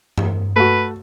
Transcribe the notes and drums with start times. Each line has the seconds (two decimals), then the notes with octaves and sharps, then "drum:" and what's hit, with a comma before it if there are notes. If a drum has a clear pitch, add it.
0.18 drum: tom G2
0.56 A3 F#4 B4